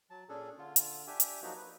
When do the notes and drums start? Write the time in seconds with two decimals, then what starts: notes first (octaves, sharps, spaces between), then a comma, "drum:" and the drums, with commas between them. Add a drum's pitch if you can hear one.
0.10 F#3 A5
0.29 A#2 C#4 D4 G#4 A4
0.58 D3 F4
0.76 drum: hi-hat
1.07 D4 G4 E5 G#5
1.20 drum: hi-hat
1.42 F3 F#3 A#3 D#4 F#4
1.55 B4